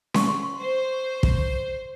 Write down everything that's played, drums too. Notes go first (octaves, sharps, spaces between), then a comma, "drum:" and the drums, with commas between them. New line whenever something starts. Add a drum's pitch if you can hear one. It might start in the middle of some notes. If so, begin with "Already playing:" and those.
C6 C#6, drum: snare C#4
C5
drum: kick